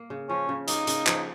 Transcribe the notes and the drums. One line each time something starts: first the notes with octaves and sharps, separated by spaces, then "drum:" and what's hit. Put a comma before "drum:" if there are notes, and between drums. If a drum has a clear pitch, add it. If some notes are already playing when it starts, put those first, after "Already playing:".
Already playing: A#3
C#3
F3 C#4
C#3
A#3 D#4, drum: hi-hat
C#3, drum: hi-hat
F3, drum: clap